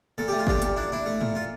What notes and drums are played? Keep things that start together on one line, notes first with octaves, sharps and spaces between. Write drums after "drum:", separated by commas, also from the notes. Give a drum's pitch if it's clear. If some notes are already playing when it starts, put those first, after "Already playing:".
A#2 A4
A3 G4
F4
D4 G4, drum: kick G1
A#2, drum: hi-hat
D4 E4
D4 E4
A3
A#2, drum: tom
F4